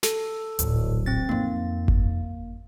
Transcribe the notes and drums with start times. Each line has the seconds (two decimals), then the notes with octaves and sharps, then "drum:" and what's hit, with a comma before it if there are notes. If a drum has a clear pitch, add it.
0.03 A4, drum: snare
0.59 D1 A#1, drum: hi-hat
1.06 C4 A6
1.29 F2 A#3 D#4
1.88 drum: kick G1